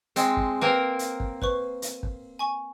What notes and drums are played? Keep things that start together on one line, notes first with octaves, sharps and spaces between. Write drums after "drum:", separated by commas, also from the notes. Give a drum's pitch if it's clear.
G#3 C4, drum: hi-hat
drum: kick
A#3 C4 A#4 B4
drum: hi-hat
drum: kick
B4 C5 C#6, drum: kick
drum: hi-hat
drum: kick
G#5 C#6